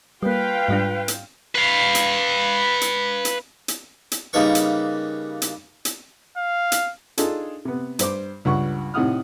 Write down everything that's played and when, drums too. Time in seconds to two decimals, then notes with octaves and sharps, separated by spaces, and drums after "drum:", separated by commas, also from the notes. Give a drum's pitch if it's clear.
0.23 G3 A#3 F4 B4 F5 G5
0.68 G#2 G3 D4
1.08 drum: hi-hat
1.55 B4 F5
1.95 drum: hi-hat
2.81 drum: hi-hat
3.25 drum: hi-hat
3.68 drum: hi-hat
4.12 drum: hi-hat
4.33 C#3 G3 A#3 D#4 B4 C#6
4.55 drum: hi-hat
5.42 drum: hi-hat
5.85 drum: hi-hat
6.37 F5
6.72 drum: hi-hat
7.18 D4 D#4 F4 G#4 A4, drum: hi-hat
7.65 C3 B3
7.99 G2 C5 D6, drum: hi-hat
8.45 C#2 G2 F#5 C#6
8.94 A2 C3 D#3 F#5 D#6 F6